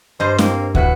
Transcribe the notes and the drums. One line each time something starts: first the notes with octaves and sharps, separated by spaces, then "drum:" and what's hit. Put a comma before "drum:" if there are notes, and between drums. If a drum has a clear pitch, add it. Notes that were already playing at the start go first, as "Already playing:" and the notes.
G2 C5 D#5 A5
A#3 C4, drum: snare
A2 F#4 A4 B4, drum: kick